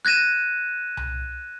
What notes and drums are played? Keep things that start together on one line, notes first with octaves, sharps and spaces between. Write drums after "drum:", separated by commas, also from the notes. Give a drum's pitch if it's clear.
F#6 G#6 A#6 D#7 E7
drum: tom C2